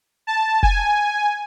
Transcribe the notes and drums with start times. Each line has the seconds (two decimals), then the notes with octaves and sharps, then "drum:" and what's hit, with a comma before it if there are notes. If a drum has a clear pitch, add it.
0.27 A5
0.63 G#5, drum: kick F1